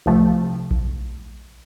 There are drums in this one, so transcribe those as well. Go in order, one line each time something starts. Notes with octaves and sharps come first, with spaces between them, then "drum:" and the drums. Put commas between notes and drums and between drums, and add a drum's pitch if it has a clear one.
C2 C3 F3 A3
drum: kick A#1